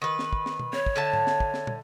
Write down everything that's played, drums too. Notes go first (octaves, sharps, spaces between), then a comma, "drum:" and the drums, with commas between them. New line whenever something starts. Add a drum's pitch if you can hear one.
D#3 B4
drum: snare
drum: kick
drum: snare
drum: tom B2
C#5, drum: snare
drum: kick
D3 E5 A5
drum: tom G#2
drum: snare
drum: kick
drum: snare
drum: tom